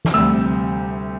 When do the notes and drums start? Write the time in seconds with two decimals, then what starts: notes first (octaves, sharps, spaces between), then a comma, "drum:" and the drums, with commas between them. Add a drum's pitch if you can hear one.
0.05 drum: snare
0.14 D2 C3 G3 E6